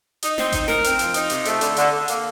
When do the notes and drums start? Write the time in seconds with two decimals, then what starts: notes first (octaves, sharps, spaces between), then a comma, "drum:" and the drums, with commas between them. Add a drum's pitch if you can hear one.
0.22 D#4, drum: hi-hat
0.38 C4, drum: snare
0.52 D#4, drum: kick G#1, hi-hat
0.68 A#4, drum: snare
0.84 C4, drum: hi-hat
0.99 F3, drum: hi-hat
1.14 D#4, drum: hi-hat
1.30 C3, drum: hi-hat
1.45 A3, drum: hi-hat
1.61 D3, drum: hi-hat
1.77 D3, drum: hi-hat
1.91 D3
2.08 A#3, drum: hi-hat